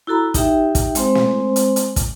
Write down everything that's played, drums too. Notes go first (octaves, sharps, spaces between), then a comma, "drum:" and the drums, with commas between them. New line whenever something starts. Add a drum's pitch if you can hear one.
E4 F#4 A4 A#5 B5
D#4 G4 E5 G5, drum: kick, hi-hat
drum: kick, hi-hat
G#3 C4 C5, drum: hi-hat
drum: snare
drum: hi-hat
drum: hi-hat
drum: kick, hi-hat